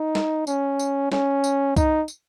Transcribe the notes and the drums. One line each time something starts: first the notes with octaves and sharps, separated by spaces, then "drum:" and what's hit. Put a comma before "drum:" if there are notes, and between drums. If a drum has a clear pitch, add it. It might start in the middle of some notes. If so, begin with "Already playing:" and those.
Already playing: D#4
drum: snare
C#4, drum: tambourine
drum: tambourine
C#4, drum: snare
drum: tambourine
D#4, drum: kick C2, tambourine
drum: tambourine